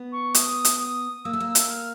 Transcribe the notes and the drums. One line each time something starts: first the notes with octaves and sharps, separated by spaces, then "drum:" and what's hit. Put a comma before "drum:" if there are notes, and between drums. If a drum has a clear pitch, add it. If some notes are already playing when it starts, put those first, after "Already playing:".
Already playing: B3
C#6
D#6, drum: hi-hat
drum: hi-hat
D#6
A#3 E6
A3
A#3
drum: hi-hat
F6